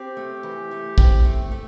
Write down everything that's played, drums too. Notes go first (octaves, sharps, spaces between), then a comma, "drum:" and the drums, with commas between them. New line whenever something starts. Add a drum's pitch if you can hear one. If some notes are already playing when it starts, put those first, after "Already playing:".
Already playing: C4 G4
A3
E3
A3
C4, drum: kick
A3
A3